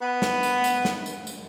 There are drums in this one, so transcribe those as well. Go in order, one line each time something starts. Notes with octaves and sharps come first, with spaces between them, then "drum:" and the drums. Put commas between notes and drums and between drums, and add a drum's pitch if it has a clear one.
B3
drum: snare
drum: tambourine
drum: tambourine
drum: snare
drum: tambourine
drum: tambourine